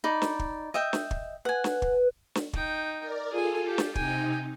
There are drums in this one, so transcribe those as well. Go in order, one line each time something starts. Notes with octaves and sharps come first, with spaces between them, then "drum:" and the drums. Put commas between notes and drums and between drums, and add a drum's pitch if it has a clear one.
D#4 D5 B5
drum: snare
drum: kick
D#5 E5 G5
drum: snare
drum: kick
B4 F#5 G#5
drum: snare
drum: kick
drum: snare
D#4 G5, drum: kick
A#4 D5
F4 G#4 A4 G#5
G4
drum: snare
C3 D#4 G5 G#5, drum: kick